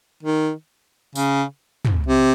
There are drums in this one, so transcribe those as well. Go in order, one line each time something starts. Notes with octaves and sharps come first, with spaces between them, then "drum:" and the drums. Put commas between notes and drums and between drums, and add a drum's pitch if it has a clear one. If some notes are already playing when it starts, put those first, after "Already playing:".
D#3
C#3, drum: tambourine
drum: tom
C3